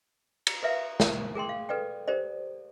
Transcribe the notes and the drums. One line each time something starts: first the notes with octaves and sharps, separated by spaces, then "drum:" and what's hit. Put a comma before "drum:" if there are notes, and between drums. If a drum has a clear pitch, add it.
drum: cymbal
A#4 B4 E5 F5
drum: snare
G#4 A#4 G5 C6
F5
A4 B4 D5 G5
G4 A#4 C5 D5